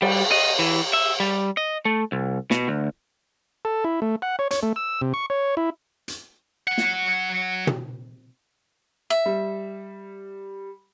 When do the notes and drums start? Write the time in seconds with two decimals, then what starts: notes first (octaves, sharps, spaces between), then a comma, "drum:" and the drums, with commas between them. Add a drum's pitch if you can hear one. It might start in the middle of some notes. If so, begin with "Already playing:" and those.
0.02 G3, drum: cymbal
0.31 D#5
0.59 E3
0.93 E5
1.20 G3
1.57 D#5
1.85 A3
2.12 C2
2.51 B2, drum: snare
2.68 D2
3.65 A4
3.85 E4
4.02 A3
4.22 F#5
4.39 C#5
4.51 C#5, drum: hi-hat
4.63 A3
4.76 E6
5.01 C3
5.14 C#6
5.30 C#5
5.57 E4
6.08 drum: hi-hat
6.67 F#3 F#5
6.78 drum: snare
7.67 drum: tom
9.10 E5
9.26 G3